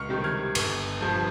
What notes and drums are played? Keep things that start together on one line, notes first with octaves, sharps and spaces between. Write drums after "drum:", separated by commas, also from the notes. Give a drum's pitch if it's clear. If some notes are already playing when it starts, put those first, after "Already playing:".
Already playing: C#2 C#6 F6
C3 D#3 G3
F6 G#6
G1, drum: cymbal
G2 F3